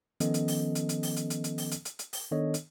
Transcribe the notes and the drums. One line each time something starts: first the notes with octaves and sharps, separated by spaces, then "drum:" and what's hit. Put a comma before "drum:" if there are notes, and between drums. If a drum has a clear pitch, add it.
D#3 F3 B3 C#4 A4 D#5, drum: hi-hat
drum: hi-hat
drum: open hi-hat
drum: hi-hat
drum: hi-hat
drum: open hi-hat
drum: hi-hat
drum: hi-hat
drum: hi-hat
drum: open hi-hat
drum: hi-hat
drum: hi-hat
drum: hi-hat
drum: open hi-hat
D#3 B3 D4 A4 C#5 D#5
drum: hi-hat